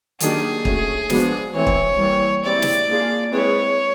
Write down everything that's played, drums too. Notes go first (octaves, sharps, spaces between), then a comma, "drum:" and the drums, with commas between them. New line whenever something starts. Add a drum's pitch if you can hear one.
D#3 F#3 A#3 D4 G4 G#4, drum: hi-hat
A3 C#4 F#4, drum: kick
F3 G#3 B3 D4 F#4, drum: snare
E3 A3 C4 C#5
drum: kick
E3 G3 A#3
G#3 C4 E4 G4 D5
drum: snare
A#3 D4 F4 G#4
G#3 C4 E4 G#4 B4 C#5